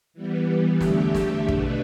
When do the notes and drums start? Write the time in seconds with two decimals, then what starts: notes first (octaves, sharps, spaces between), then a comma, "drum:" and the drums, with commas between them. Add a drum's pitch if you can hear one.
0.14 E3 G3 B3
0.81 E2 D3 A3 G4 E5, drum: snare
1.14 drum: snare
1.49 B2 A3 D4 B4, drum: kick